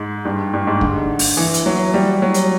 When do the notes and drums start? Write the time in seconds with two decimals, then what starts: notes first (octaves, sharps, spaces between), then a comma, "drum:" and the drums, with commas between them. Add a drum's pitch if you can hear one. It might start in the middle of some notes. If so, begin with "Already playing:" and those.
Already playing: G#2
0.25 G2
0.54 G2
0.67 G#2
0.81 D3, drum: kick
1.19 drum: open hi-hat
1.37 E3
1.54 drum: hi-hat
1.66 F#3
1.94 G3
2.22 F#3
2.34 drum: hi-hat